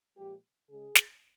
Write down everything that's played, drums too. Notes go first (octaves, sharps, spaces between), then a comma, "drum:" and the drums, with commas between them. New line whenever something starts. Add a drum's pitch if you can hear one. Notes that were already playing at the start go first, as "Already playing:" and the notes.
A#2 F3 G#3 G4
C#3 G#3 G#4
drum: snare